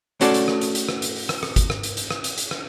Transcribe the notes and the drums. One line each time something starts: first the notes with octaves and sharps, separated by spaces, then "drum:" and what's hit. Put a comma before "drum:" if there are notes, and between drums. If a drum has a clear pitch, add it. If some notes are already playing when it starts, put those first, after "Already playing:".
A3 C#4 F#4 A4 D5, drum: hi-hat
drum: hi-hat
drum: rim click
drum: hi-hat
drum: hi-hat
drum: rim click
drum: hi-hat
drum: open hi-hat
drum: rim click
drum: rim click
drum: kick, hi-hat
drum: rim click
drum: hi-hat
drum: hi-hat
drum: rim click
drum: hi-hat
drum: hi-hat
drum: rim click